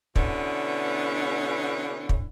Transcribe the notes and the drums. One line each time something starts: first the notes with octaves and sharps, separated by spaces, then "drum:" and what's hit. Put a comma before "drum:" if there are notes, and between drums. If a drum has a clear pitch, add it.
B2 D3 B3 C#4 D4 E4, drum: kick
drum: kick